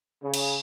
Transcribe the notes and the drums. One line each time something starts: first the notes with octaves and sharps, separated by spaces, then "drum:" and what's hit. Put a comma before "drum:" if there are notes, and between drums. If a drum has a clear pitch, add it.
C#3
drum: cymbal